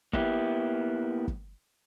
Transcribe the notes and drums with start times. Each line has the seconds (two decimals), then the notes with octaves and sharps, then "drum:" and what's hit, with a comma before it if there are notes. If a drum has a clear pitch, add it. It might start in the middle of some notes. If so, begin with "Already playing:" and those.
0.13 A#3 B3 E4 G4, drum: kick
1.28 drum: kick